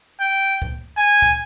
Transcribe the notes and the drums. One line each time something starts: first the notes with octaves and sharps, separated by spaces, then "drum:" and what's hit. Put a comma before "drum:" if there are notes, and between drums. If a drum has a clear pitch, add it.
G5
drum: kick
G#5
drum: kick